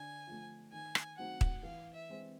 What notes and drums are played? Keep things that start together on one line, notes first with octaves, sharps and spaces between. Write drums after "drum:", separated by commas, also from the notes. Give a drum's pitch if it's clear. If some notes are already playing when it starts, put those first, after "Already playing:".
Already playing: D3 G#5
F3 A3
D#3 G#5
drum: rim click
F#3 A3 C4 D#4 F#5
drum: kick
E3 F5
E5
G#3 C4